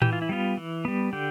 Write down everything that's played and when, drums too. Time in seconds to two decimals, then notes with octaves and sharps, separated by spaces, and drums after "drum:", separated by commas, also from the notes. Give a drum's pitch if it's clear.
0.02 E3 G4, drum: tom A2
0.13 F4
0.22 E4
0.29 G3 B3 F4
0.57 E3
0.85 G3 B3
1.13 D3 G4